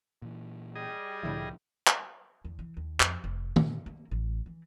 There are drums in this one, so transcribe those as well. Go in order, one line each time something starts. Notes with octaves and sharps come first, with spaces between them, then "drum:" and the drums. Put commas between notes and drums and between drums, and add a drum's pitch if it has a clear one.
A#2 E3
G3 G#4 D#5
C2 A2 D3 F3 E4
drum: clap
E2
E3
D#2
F2, drum: clap
F1
A#2, drum: tom D#3
A#3
A1
E3